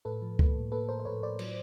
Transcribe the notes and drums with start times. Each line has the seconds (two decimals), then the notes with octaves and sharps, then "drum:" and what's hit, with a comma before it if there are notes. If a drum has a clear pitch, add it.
0.05 A2 A4 B4
0.22 F3
0.39 A#3, drum: kick C#2
0.55 A2
0.72 A#3 A4 B4
0.89 A2 A#4 C5
1.00 C5
1.05 A2 B4 C#5
1.22 A2 C5 D5
1.39 F#3, drum: cymbal